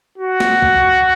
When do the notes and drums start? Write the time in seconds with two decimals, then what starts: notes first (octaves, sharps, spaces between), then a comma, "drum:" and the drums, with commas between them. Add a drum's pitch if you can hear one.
0.18 F#4
0.40 drum: snare
0.62 drum: kick